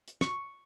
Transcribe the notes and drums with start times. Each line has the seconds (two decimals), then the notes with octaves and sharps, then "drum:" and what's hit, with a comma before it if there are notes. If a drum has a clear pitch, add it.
0.08 drum: hi-hat
0.21 C#6, drum: snare